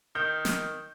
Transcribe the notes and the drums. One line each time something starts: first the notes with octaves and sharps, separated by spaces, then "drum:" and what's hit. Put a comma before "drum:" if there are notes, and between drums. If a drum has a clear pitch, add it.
D#3 G6
drum: snare